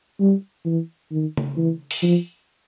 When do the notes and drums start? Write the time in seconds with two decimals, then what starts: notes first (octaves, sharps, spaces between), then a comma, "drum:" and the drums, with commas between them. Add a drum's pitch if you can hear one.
0.20 G3
0.66 E3
1.11 D#3
1.37 drum: tom C#3
1.57 E3
1.91 drum: open hi-hat
2.02 F3